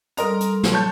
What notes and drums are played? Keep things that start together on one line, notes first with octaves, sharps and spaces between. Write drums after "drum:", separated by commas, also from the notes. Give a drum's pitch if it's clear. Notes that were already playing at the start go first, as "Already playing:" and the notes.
G3 A4 A#4 D#5 A#5 C6, drum: hi-hat
drum: hi-hat
drum: snare
C#5 A5 G6